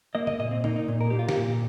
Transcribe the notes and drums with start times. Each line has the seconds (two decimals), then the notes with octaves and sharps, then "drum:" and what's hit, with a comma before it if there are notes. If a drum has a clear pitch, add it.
0.15 A#3 D#5
0.27 D#5, drum: tom
0.39 A#2 D#5
0.51 C4
0.64 A#3 D#4, drum: tom
0.76 D#4
0.88 A#2
1.01 A#4
1.10 A#3 G4
1.19 F4
1.29 G4, drum: snare
1.37 A#2